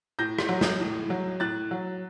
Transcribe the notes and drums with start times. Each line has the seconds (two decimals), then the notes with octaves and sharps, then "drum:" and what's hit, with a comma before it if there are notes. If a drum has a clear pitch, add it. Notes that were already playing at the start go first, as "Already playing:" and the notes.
0.19 A2 G6 A#6
0.38 drum: rim click
0.49 F#3
0.61 drum: snare
0.80 A2
1.10 F#3
1.40 A2 F#6 A6
1.71 F#3